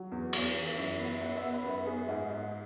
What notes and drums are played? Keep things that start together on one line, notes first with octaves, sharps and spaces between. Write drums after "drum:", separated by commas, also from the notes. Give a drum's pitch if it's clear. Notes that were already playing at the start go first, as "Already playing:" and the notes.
Already playing: F#3
E2
E2, drum: cymbal
E3
F#2
B3
B3 F#5
E5
B3
B4
F#2
B4
B3 G#4
G#2
G#2